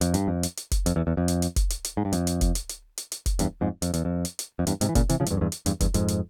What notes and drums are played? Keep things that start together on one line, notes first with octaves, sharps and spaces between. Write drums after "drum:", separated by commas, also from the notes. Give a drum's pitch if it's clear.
F2, drum: hi-hat
G2, drum: hi-hat
F2
drum: hi-hat
drum: hi-hat
drum: kick F1, hi-hat
F2, drum: hi-hat
E2
E2
F2
drum: hi-hat
drum: hi-hat
drum: kick F1, hi-hat
drum: hi-hat
drum: hi-hat
G#2
G2
F2, drum: hi-hat
drum: hi-hat
drum: kick F1, hi-hat
drum: hi-hat
drum: hi-hat
drum: hi-hat
drum: hi-hat
drum: kick F1, hi-hat
E2 G2, drum: hi-hat
F2 G#2
F2, drum: hi-hat
E2, drum: hi-hat
F2
drum: hi-hat
drum: hi-hat
F2
E2 G2, drum: hi-hat
G#2 C3, drum: hi-hat
E3
A#2 C#3, drum: kick F1, hi-hat
C3 E3, drum: hi-hat
C#3 F3
G#2, drum: hi-hat
E2 G2
F2
E2 G2
drum: hi-hat
E2 G2, drum: hi-hat
E2 G2, drum: kick F1, hi-hat
F2 G#2, drum: hi-hat
drum: hi-hat